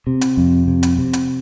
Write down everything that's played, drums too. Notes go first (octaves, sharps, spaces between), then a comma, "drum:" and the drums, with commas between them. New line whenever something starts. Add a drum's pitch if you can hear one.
C3
drum: hi-hat
F2
C3
drum: hi-hat
C3
drum: hi-hat